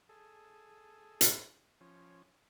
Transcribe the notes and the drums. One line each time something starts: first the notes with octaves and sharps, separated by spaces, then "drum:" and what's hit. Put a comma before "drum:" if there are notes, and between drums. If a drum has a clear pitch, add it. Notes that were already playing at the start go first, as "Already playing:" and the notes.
G#4 A4
drum: hi-hat
F3 C#4